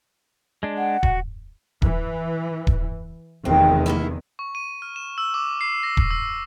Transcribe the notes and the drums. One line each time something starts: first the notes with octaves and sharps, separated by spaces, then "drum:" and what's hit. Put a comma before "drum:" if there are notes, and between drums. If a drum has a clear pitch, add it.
G#3 D4
F#5
F#4, drum: kick D#1
E3, drum: kick D#1
drum: kick D#1
F1 E2 D#3 C4
A#3 B3 E4
C#6
D#7
F6
E7
E6
D6
C7
A#6
drum: kick D#1
E6